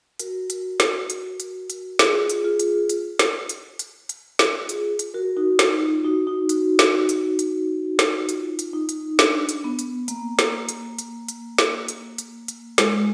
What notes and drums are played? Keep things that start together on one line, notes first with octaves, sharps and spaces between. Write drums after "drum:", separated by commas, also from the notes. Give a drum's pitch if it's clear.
F#4 A#4, drum: hi-hat
drum: hi-hat
drum: snare
drum: hi-hat
drum: hi-hat
drum: hi-hat
F4 G#4, drum: snare
drum: hi-hat
F4 G#4
drum: hi-hat
drum: hi-hat
drum: snare
drum: hi-hat
drum: hi-hat
drum: hi-hat
drum: snare
F4 G#4, drum: hi-hat
drum: hi-hat
F#4 A#4
D#4 F#4
D#4, drum: snare
F4
D#4 F#4
D#4 F#4
D#4 F#4, drum: hi-hat
drum: snare
drum: hi-hat
drum: hi-hat
drum: snare
F4, drum: hi-hat
drum: hi-hat
D#4
drum: hi-hat
D4, drum: snare
drum: hi-hat
B3
drum: hi-hat
A#3, drum: hi-hat
drum: snare
drum: hi-hat
drum: hi-hat
drum: hi-hat
drum: snare
drum: hi-hat
drum: hi-hat
drum: hi-hat
G#3, drum: snare